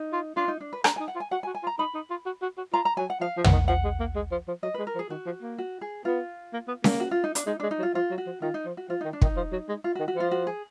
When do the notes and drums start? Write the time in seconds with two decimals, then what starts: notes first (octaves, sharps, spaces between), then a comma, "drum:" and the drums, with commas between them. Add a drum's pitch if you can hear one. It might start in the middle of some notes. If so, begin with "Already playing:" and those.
Already playing: D#4
0.13 F4
0.37 D4 F4
0.48 D#4
0.61 D4
0.73 B4
0.84 D4 A#5, drum: rim click
0.96 D#4 G#5
1.08 F#5
1.15 F4
1.20 G#5
1.31 F#4 F#5
1.43 G#5
1.47 F#4
1.55 G#5
1.63 F4
1.67 A#5
1.79 D#4 B5
1.95 D#4
2.10 F4
2.26 F#4
2.42 F#4
2.58 F#4
2.73 F4 A#5
2.85 A#5
2.97 F#3 G#5
3.10 F#5
3.21 F3 F5
3.37 F3
3.44 F#5, drum: tom
3.52 D#3
3.68 F3 F#5
3.84 G#3
4.00 A#3
4.16 G#3
4.32 F3
4.48 F3
4.63 F#3 D#5
4.74 G#3 B4
4.87 A#4
4.95 F3
4.99 G#4
5.10 D#3 F#4
5.26 F3
5.42 A#3
5.58 F#4
5.81 G#4
6.05 B3 F4
6.53 A#3
6.68 B3
6.84 A#3, drum: snare C#4
7.00 F#4
7.11 F4
7.24 D#4
7.35 D4, drum: hi-hat
7.47 G#3 D#4
7.60 G#3 D4
7.71 D#4
7.79 F#3
7.83 F4
7.94 F3 F4
8.11 F#3
8.18 F#4
8.26 F3
8.42 D#3 F4
8.54 D#4
8.65 F3
8.77 F#4
8.89 F3 F4
9.01 D#3 D#4
9.13 D4
9.22 D#3, drum: kick
9.25 D#4
9.37 F3
9.52 F#3
9.69 G#3
9.84 F4
9.95 F#4
10.00 D#3
10.08 F#4
10.15 F3 F4
10.31 F#4
10.47 G#4